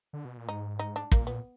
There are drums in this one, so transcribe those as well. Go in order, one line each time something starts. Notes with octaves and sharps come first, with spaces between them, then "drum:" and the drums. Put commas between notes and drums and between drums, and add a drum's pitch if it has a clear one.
D3
B2
A#2
G#2 D#4
D#4
D4
A#2 A#3, drum: kick
B3